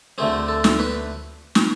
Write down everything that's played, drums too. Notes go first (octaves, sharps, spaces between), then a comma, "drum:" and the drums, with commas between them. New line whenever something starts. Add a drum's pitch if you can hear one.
D2 D3 A3 C4 G#4
A4
drum: snare
B4
drum: snare